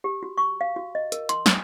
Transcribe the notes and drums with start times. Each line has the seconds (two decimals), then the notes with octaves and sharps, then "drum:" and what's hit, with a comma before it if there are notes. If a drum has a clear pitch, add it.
0.04 G4
0.23 F#4
0.38 C#6
0.61 F5
0.76 F#4
0.95 D#5
1.12 A#4, drum: hi-hat
1.29 C6, drum: hi-hat
1.46 G#5, drum: snare